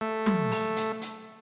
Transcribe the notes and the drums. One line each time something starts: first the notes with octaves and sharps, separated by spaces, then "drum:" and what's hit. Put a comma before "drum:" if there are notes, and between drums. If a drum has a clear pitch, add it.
A3
drum: tom F#3
drum: open hi-hat
drum: hi-hat
drum: hi-hat